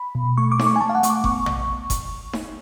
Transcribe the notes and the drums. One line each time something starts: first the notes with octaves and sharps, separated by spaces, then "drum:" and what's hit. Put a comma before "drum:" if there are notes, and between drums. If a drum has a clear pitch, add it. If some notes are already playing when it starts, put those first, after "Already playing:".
Already playing: B5
B2
A3 C#6
D6
A3, drum: snare D#4
C#6
G#5
A3 A5
F5
F#5
A3 C#6, drum: hi-hat
D6
B3 C#6, drum: kick F#1
drum: tom A#1
drum: kick F#1, hi-hat
drum: snare D#4